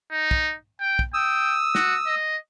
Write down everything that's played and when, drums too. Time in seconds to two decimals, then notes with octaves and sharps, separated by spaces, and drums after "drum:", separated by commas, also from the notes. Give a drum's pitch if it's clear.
0.12 D#4
0.31 drum: kick
0.81 G5
0.99 drum: kick
1.14 G5 D#6 E6
1.75 F#4, drum: snare
2.06 D#5